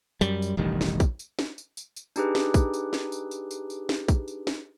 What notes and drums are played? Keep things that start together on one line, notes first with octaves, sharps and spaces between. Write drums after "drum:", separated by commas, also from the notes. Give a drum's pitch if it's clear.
F#2 G3, drum: tambourine
drum: tambourine
E1 A1 D#3 G3
drum: snare
drum: kick, tambourine
drum: tambourine
drum: snare
drum: tambourine
drum: tambourine
drum: tambourine
D4 D#4 G4 G#4 B4, drum: tambourine
drum: snare
drum: kick, tambourine
drum: tambourine
drum: snare
drum: tambourine
drum: tambourine
drum: tambourine
drum: tambourine
drum: snare
drum: kick, tambourine
drum: tambourine
drum: snare